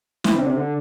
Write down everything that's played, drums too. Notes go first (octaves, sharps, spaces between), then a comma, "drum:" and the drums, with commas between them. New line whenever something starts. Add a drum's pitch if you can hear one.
E3, drum: snare
C3
D3
C3
D3